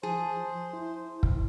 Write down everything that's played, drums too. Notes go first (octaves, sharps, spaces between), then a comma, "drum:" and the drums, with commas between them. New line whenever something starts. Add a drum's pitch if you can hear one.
F3 G#4 C5 A5
E4
drum: kick